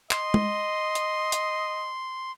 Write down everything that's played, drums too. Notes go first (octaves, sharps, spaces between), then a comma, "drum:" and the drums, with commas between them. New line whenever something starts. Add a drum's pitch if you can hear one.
D#5 C6, drum: clap
drum: tom G#3
drum: hi-hat
drum: hi-hat